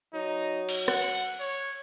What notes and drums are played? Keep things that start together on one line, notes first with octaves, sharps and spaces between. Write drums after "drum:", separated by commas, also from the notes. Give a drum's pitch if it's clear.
F#3 D#4
drum: cymbal
F#5, drum: rim click
drum: hi-hat
C#5